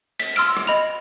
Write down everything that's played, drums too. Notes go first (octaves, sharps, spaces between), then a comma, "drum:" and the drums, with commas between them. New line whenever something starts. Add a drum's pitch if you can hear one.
B6, drum: cymbal
C6 E6 F6 D7, drum: cymbal
drum: rim click
D#5 B5 F7